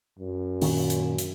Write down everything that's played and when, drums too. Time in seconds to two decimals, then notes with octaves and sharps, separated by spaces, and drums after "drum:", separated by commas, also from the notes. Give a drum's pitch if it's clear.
0.19 F#2
0.62 A#2 D#3 C#4, drum: open hi-hat
0.90 drum: hi-hat
1.18 drum: hi-hat